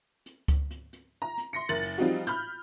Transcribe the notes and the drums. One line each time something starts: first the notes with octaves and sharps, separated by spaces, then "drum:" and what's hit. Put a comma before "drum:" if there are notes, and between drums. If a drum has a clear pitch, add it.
drum: hi-hat
drum: kick C#2, hi-hat
drum: hi-hat
drum: hi-hat
A#5
drum: hi-hat
C6 A#6 C#7
F#1 A#4 A6 F#7
drum: open hi-hat
F3 G3 C4 D#4 F4 F#4
B5 F6 G6, drum: hi-hat